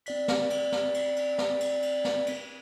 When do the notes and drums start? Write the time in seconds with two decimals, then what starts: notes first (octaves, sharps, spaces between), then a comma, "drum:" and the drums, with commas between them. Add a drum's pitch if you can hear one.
0.06 C4 D5 B6, drum: cymbal
0.28 drum: snare
0.50 drum: cymbal
0.72 drum: snare
0.94 drum: cymbal
1.16 drum: cymbal
1.38 drum: snare
1.60 drum: cymbal
1.82 drum: cymbal
2.04 drum: snare
2.26 drum: cymbal